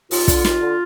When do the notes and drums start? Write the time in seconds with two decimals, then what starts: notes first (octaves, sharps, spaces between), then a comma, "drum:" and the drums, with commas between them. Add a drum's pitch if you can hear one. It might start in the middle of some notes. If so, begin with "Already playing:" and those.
0.11 D#2 F4, drum: open hi-hat
0.28 D3, drum: kick, hi-hat
0.45 D#2, drum: snare
0.60 D3